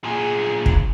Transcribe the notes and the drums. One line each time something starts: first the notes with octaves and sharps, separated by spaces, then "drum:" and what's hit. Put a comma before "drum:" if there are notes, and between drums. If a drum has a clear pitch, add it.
A#2 G#4
drum: kick